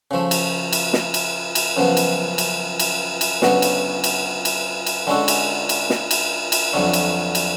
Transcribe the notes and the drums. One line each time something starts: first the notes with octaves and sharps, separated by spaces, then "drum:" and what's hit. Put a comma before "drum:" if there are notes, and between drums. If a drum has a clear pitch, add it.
C#3 F3 A3
drum: cymbal
drum: cymbal
drum: snare
drum: cymbal
drum: cymbal
F#2 C#3 F3 B3
drum: cymbal
drum: cymbal
drum: cymbal
drum: cymbal
D2 C#3 F#3 B3, drum: snare
drum: cymbal
drum: cymbal
drum: cymbal
drum: cymbal
D3 G#3 C#4 F#4 A4
drum: cymbal
drum: cymbal
drum: snare
drum: cymbal
drum: cymbal
F2 D3 F#3 A3 D4
drum: cymbal
drum: cymbal